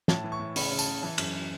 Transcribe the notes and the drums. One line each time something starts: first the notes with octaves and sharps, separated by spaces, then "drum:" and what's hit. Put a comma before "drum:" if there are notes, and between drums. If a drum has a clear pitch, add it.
A2 A5, drum: snare
E3
C#6
A2
C#3 B5, drum: open hi-hat
C#3
A5, drum: tambourine
C#3
E3 A5
F#2, drum: cymbal